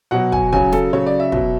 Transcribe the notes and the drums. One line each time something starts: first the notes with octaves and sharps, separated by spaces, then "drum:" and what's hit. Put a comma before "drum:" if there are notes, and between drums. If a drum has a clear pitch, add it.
B2 F#3 F#5
G#5, drum: kick
C#3 F#3 G#5, drum: kick
A4, drum: snare
C#3 F#3 C#5
D5
E5
B2 F#3, drum: kick